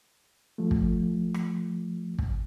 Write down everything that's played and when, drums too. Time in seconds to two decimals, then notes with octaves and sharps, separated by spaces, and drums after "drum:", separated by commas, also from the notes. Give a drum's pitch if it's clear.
0.58 F3 A3
0.71 drum: kick
1.34 drum: rim click
2.19 drum: kick